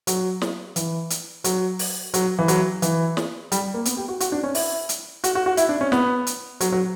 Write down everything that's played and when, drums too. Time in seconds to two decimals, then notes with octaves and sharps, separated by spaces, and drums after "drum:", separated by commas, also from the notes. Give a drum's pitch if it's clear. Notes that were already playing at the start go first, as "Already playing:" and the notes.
0.07 F#3, drum: hi-hat
0.42 drum: snare
0.76 E3, drum: hi-hat
1.10 drum: hi-hat
1.44 F#3, drum: hi-hat
1.79 drum: open hi-hat
2.14 F#3, drum: hi-hat
2.39 E3
2.48 F#3, drum: hi-hat
2.82 E3, drum: hi-hat
3.17 drum: snare
3.52 G3, drum: hi-hat
3.74 A#3
3.85 B3, drum: hi-hat
3.97 G4
4.08 F#4
4.20 F#4, drum: hi-hat
4.32 D4
4.43 C#4
4.55 E4, drum: open hi-hat
4.89 drum: hi-hat
5.24 F#4, drum: hi-hat
5.35 F#4
5.46 F#4
5.57 E4, drum: hi-hat
5.69 D4
5.81 C#4
5.92 B3, drum: snare
6.27 drum: hi-hat
6.60 F#3, drum: hi-hat
6.72 F#3